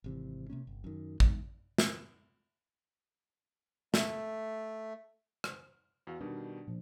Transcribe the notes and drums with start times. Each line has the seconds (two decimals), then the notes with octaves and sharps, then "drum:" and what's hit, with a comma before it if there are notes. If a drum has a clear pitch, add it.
0.04 G#1 C3 E3
0.50 C3 A#3 C#4
0.67 G1
0.84 F#2 D#3
1.20 E2 G#2, drum: kick
1.78 drum: snare
3.94 A3, drum: snare
5.44 drum: rim click
6.07 E2 F#4 F5
6.21 B2 D#3 G3 D4
6.67 A#2 F3